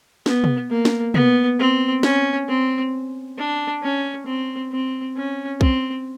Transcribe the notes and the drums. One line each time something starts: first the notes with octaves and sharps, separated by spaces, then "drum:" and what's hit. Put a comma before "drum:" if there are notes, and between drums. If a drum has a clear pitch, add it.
B3, drum: snare
drum: tom
A#3
drum: snare
B3, drum: tom
C4
C#4, drum: snare
C4
D4
C#4
C4
C4
C#4
C4, drum: kick B1